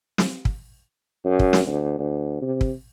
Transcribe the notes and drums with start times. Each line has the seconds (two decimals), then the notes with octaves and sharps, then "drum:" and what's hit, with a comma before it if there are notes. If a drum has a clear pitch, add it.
0.18 drum: snare
0.45 drum: kick
1.25 F#2
1.39 drum: kick
1.53 drum: snare
1.66 D2
1.99 D2
2.42 C3
2.61 drum: kick